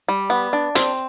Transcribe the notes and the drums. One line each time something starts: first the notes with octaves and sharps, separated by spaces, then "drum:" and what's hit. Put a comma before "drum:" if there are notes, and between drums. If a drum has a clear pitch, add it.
G3
B3
D4
C4, drum: hi-hat